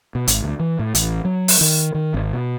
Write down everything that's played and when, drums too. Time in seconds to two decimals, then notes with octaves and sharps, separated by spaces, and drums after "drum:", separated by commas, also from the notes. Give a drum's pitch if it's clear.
0.15 B2
0.27 G#1, drum: hi-hat
0.42 D2
0.60 E3
0.79 A2
0.95 A1, drum: hi-hat
1.25 F#3
1.48 drum: open hi-hat
1.61 D#3
1.94 D#3
2.14 G#1
2.33 B2